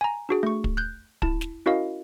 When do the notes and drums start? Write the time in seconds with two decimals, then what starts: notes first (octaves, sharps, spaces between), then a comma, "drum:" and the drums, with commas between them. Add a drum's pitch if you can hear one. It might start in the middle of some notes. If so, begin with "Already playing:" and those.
0.01 G#5 A#5
0.29 D4 F#4 G#4
0.43 A3 C#6
0.64 drum: kick
0.77 F#6 G6
1.22 E4 A5, drum: kick
1.41 drum: snare
1.66 C#4 E4 F#4 A#4 D#5 F5